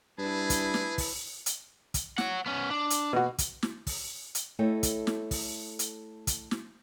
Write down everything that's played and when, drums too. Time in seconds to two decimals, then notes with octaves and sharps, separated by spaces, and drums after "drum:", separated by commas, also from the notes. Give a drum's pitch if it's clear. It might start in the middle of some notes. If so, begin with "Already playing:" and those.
0.18 G2 E4 G#4 B4 A5
0.50 drum: kick, hi-hat
0.74 drum: snare
0.98 drum: kick, open hi-hat
1.46 drum: hi-hat
1.94 drum: kick, hi-hat
2.18 C#5 F#5, drum: snare
2.46 B3 C#4
2.71 D4
2.90 drum: hi-hat
3.13 B2 F#4
3.38 drum: kick, hi-hat
3.63 drum: snare
3.87 drum: kick, open hi-hat
4.35 drum: hi-hat
4.59 A3 E4 A4 C#5 D#5 G5
4.83 drum: kick, hi-hat
5.07 drum: snare
5.31 drum: kick, open hi-hat
5.79 drum: hi-hat
6.27 drum: kick, hi-hat
6.51 drum: snare